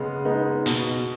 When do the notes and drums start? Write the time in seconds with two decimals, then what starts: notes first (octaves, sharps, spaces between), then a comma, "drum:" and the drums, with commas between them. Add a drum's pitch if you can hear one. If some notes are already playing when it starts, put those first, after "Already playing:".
Already playing: C#3 G#3 B3
0.25 G#3 B3 D#4
0.66 B2, drum: hi-hat